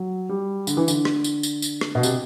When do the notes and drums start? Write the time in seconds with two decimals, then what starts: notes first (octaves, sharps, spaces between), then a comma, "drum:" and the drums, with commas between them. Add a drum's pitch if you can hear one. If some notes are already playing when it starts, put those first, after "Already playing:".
Already playing: F#3
0.29 G3
0.67 D3, drum: tambourine
0.77 E3
0.88 D3, drum: tambourine
1.05 drum: rim click
1.24 drum: tambourine
1.43 drum: tambourine
1.62 drum: tambourine
1.81 drum: rim click
1.95 B2
2.03 C3, drum: tambourine